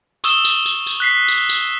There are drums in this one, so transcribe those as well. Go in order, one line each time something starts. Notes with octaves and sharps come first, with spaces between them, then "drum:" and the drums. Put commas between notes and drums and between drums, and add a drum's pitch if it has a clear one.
C#6 D#6 E6 E7 G7, drum: tambourine
drum: tambourine
drum: tambourine
drum: tambourine
F#6 B6 C7
drum: tambourine
drum: tambourine